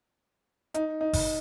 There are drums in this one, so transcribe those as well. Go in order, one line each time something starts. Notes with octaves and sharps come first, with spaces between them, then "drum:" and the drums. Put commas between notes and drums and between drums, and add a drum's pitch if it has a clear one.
D#4, drum: hi-hat
D#4
drum: kick G1, open hi-hat